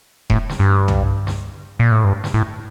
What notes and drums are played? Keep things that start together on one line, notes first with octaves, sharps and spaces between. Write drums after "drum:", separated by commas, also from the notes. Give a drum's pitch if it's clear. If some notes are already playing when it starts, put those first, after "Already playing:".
A2, drum: kick E1
drum: snare
G2
drum: tom C2
drum: snare
A#2
A2
G2
drum: snare
A2